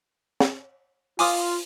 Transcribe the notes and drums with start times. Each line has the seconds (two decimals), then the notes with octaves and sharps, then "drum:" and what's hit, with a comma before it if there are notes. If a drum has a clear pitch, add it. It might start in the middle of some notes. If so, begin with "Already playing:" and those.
0.40 drum: snare
1.19 F4 G#5 D6 D#6, drum: open hi-hat